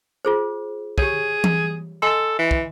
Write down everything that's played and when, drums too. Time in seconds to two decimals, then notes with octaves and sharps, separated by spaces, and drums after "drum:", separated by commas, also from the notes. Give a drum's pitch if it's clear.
0.25 F4 G#4 C5
0.98 G4 G#4 C#5, drum: kick
1.44 drum: tom E3
2.02 A4 D#5 G#5 C6
2.39 E3
2.51 drum: kick